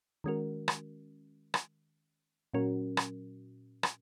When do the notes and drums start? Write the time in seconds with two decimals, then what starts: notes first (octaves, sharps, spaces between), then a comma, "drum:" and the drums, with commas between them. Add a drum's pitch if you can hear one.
0.24 D#3 G#3 C#4 F#4 A#4
0.68 drum: rim click
1.54 drum: rim click
2.54 A#2 F#3 C#4 F#4 A#4
2.97 drum: rim click
3.83 drum: rim click